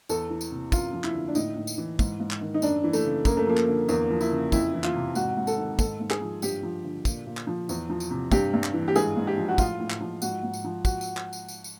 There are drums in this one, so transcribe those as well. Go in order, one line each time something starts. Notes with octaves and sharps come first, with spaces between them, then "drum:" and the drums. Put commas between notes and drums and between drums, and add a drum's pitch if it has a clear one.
E2 A4, drum: tambourine
E3
drum: tambourine
C3
F#2 F4, drum: kick, tambourine
F3
E4, drum: clap
D3
D4
A2 D#4, drum: tambourine
A2
drum: tambourine
E3
G#2, drum: kick, tambourine
G#2
drum: clap
D#3
D#4
F#2 D4, drum: tambourine
E3
A3, drum: tambourine
C#3
F#2 A#3, drum: kick, tambourine
A3
F3 A#3
drum: clap
D3
E2 A#3, drum: tambourine
F3
E4, drum: tambourine
C#3
F2 E4, drum: kick, tambourine
E3
F4, drum: clap
C3
G#2 F#4, drum: tambourine
G#2
A4, drum: tambourine
D#3
G#2 A4, drum: kick, tambourine
G#2
G#4, drum: clap
F3
G2 G4, drum: tambourine
F3
D3
A#2, drum: kick, tambourine
A#2
drum: clap
F3
E2, drum: tambourine
F3
drum: tambourine
C3
G2 G4, drum: kick, tambourine
G2
drum: clap
E3
G4
G#2 G#4, drum: tambourine
G#2
G4
F3
F#4
A2 F4, drum: kick, tambourine
A2
drum: clap
F3
G#2 F#4, drum: tambourine
G#2
drum: tambourine
F3
F#4, drum: kick, tambourine
drum: tambourine
drum: clap
drum: tambourine
drum: tambourine
drum: tambourine